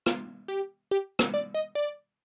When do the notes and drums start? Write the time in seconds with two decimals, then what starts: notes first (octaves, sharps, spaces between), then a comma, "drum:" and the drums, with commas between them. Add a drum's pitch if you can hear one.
0.06 F4, drum: rim click
0.48 G4
0.91 G4
1.19 drum: rim click
1.34 D5
1.54 D#5
1.75 D5